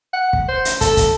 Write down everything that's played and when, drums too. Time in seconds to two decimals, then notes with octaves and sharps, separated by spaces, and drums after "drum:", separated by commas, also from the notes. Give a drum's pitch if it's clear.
0.13 F#5
0.33 drum: kick
0.49 C5
0.65 drum: hi-hat
0.81 A4, drum: kick, hi-hat
0.97 drum: kick, hi-hat